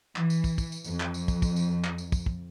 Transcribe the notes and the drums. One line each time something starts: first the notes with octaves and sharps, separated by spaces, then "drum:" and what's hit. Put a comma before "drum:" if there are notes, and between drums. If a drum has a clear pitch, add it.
E3, drum: clap
drum: tambourine
drum: kick, tambourine
drum: kick, tambourine
drum: tambourine
F2, drum: tambourine
drum: clap
drum: tambourine
drum: kick, tambourine
drum: kick, tambourine
drum: tambourine
drum: clap
drum: tambourine
drum: kick, tambourine
drum: kick